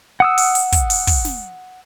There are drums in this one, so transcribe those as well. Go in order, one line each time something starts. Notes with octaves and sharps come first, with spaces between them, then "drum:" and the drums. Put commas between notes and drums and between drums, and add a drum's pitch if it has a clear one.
F#5 D#6 E6
drum: open hi-hat
drum: hi-hat
drum: kick, hi-hat
drum: open hi-hat
drum: kick, open hi-hat
drum: snare